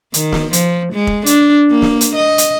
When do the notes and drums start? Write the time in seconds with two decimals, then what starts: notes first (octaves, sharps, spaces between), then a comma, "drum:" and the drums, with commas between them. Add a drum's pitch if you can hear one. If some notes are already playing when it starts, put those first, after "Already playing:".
0.14 D#3, drum: hi-hat
0.32 drum: snare
0.53 F3, drum: hi-hat
0.93 G#3
1.07 drum: kick
1.26 D4, drum: hi-hat
1.71 A#3
1.82 drum: snare
2.01 drum: hi-hat
2.16 D#5
2.38 drum: hi-hat